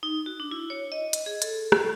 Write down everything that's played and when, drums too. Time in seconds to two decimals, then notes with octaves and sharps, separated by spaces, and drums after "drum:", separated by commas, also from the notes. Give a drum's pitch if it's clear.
0.03 D#4
0.26 F#4
0.40 D4
0.51 E4
0.70 C#5
0.92 D#5
1.13 drum: hi-hat
1.26 G#4
1.42 A4, drum: hi-hat
1.72 A4, drum: rim click